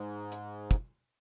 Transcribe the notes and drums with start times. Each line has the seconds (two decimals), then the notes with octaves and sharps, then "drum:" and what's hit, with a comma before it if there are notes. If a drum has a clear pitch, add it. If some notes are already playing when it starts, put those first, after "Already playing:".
Already playing: G#2
0.32 drum: hi-hat
0.71 drum: kick, hi-hat